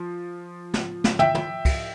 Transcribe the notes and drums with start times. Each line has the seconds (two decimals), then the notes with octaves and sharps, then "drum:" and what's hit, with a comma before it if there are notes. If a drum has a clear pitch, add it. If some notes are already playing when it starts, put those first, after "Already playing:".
Already playing: F3
0.74 drum: snare
1.04 drum: snare
1.19 E5 G5, drum: tom
1.35 drum: tom
1.65 drum: kick, cymbal